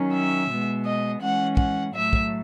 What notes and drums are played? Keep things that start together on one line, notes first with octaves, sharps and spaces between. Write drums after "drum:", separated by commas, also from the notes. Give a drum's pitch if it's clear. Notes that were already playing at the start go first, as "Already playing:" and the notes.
Already playing: D#3 F#3 C#4
E5
B2 G#3 B3
D#5
E3 G#3 C#4 F#5
F#5, drum: kick
A2 F#3 A3 E5
drum: kick